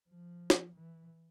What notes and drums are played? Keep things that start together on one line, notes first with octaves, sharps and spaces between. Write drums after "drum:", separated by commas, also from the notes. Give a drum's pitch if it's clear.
F3
drum: snare
E3